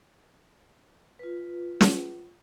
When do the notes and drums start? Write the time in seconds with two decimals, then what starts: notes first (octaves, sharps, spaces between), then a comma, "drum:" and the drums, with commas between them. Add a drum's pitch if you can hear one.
1.19 F4 B4
1.81 drum: snare